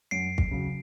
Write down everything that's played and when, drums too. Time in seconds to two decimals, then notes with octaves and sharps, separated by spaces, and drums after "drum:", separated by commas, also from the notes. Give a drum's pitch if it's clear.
0.11 F#2 C7 D7
0.38 drum: kick
0.51 C#3 F#3